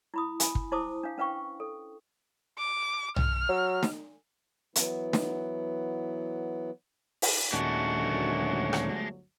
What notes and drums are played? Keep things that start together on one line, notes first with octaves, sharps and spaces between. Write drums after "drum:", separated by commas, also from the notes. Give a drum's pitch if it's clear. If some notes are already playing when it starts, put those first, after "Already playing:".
E4 B5 D#6
G#5 B5, drum: hi-hat
drum: kick
E4 C5 A5 D6 D#6
D4 F5
C#4 B4 F5 G5 C#6
A4
D6
F6, drum: tom
F#3
drum: snare
E3 F#3 B3 E4, drum: hi-hat
drum: snare
drum: open hi-hat
D#2 A#2 G#3 A3 C#4 D4 F#4
G1 D2 F#3
drum: rim click